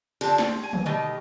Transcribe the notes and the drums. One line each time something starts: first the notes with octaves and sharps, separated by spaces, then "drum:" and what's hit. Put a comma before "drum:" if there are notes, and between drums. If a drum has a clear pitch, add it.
D3 F3 C4 G4 A4, drum: cymbal
drum: snare
C4
G#5
drum: tom D3
B2 D#3 A3 G4 D#5